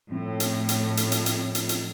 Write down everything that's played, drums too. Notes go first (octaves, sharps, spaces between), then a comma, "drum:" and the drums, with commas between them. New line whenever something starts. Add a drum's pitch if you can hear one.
A2 F3 C4
drum: hi-hat
drum: hi-hat
drum: hi-hat
drum: hi-hat
drum: hi-hat
drum: hi-hat
drum: hi-hat